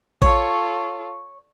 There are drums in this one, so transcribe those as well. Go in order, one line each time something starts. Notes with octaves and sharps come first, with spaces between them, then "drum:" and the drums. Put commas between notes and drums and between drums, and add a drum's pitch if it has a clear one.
F4 A4 C#5, drum: kick A1